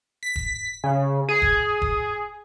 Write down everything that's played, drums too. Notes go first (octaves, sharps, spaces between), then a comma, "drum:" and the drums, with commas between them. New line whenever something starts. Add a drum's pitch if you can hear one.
B6
drum: kick E1
C#3
G#4
drum: kick E1
drum: kick E1